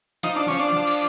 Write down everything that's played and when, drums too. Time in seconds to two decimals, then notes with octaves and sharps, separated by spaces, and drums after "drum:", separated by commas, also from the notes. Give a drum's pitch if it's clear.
0.23 F3 D#4, drum: hi-hat
0.36 D4
0.48 F3 C#4
0.60 D4
0.76 F3
0.87 drum: cymbal